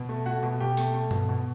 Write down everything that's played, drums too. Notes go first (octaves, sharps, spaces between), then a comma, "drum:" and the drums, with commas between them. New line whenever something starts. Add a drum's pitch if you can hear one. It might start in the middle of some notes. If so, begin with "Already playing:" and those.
Already playing: B2
A3
A3 F#4 F#5
B2
B2 G4 G5
A3, drum: hi-hat
A3
B2, drum: tom G2
B2